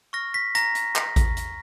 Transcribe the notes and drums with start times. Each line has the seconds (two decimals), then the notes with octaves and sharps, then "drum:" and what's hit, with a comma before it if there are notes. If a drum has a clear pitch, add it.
0.13 C#6 F6 A#6
0.34 B6
0.55 A#5 A#6, drum: hi-hat
0.75 drum: hi-hat
0.96 drum: clap
1.16 drum: kick A1, hi-hat
1.37 drum: hi-hat